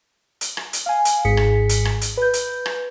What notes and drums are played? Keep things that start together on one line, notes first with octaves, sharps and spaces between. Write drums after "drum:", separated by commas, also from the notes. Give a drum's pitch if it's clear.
drum: hi-hat
drum: rim click
drum: hi-hat
F5 G#5
drum: hi-hat
G#1 G#2 G#4 B6 C#7
drum: rim click
drum: hi-hat
drum: rim click
drum: hi-hat
B4 G6
drum: hi-hat
drum: rim click